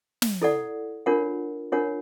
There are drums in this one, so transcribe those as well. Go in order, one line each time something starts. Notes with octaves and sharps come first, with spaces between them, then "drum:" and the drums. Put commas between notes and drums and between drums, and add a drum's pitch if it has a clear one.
drum: snare
E4 A4 D5 F#5
D4 F4 A#4 C#5 F#5
D4 F4 A#4 C#5 F#5